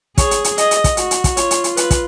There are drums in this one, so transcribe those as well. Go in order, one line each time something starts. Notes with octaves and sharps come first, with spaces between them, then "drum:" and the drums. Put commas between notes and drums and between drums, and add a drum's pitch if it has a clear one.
G#4 C#5, drum: kick, hi-hat
drum: hi-hat
drum: hi-hat
D#5, drum: hi-hat
drum: hi-hat
drum: kick, hi-hat
F#4, drum: hi-hat
drum: hi-hat
drum: kick, hi-hat
F4 C#5, drum: hi-hat
drum: hi-hat
drum: hi-hat
B4, drum: hi-hat
drum: kick, hi-hat